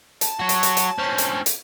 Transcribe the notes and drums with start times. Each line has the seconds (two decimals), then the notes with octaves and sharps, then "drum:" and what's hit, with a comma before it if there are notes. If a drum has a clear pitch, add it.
0.21 A5, drum: hi-hat
0.39 F#4 C#5
0.49 drum: hi-hat
0.63 drum: hi-hat
0.77 drum: hi-hat
0.98 C4 C#4
1.18 drum: hi-hat
1.46 drum: hi-hat